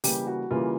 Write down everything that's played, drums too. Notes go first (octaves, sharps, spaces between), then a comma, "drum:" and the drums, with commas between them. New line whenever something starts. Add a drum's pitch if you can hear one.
C#3 E3 G3 A#3 G4, drum: open hi-hat
F#4
C#3 E3 G3 A#3 F4